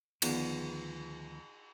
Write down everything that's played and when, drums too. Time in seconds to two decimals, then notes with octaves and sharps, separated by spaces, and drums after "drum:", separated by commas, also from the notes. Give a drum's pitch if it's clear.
0.22 D2 D#3 F3 B3 D5, drum: cymbal